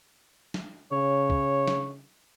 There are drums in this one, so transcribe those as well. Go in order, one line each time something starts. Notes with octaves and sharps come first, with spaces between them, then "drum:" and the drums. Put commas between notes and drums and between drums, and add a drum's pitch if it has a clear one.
drum: snare
C#3 C#5
drum: kick C2
drum: snare